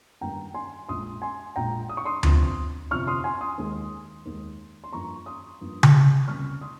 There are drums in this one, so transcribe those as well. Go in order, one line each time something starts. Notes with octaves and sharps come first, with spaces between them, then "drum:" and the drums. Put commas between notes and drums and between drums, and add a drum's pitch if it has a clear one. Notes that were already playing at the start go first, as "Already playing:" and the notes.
G2 D#3 G3 A#3 G5 A#5
G#5 C6
A#1 A#2 G#3 C6 D#6
G#5 C6
A#1 A#2 G#3 G5 A#5
D#6
C#6
C6 D#6
G1 F2 C3 F3, drum: tom D2
G1 F2 C3 F3 C#6 F6
C6 D#6
G#5 C6
C6 D#6
D#2 D#3 G#3
D#2 D#3 G#3
C6
G2 F3 A#3 A#5 C#6
C6 D#6
G2 F3 A#3
drum: tom C#3
C#2 C3 G3 A#3 C#6 F6
C6 D#6